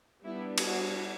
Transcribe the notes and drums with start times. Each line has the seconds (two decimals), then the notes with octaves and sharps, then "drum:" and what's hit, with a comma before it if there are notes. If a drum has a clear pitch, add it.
0.23 G3 B3 D4 E4
0.58 drum: cymbal
0.67 F#4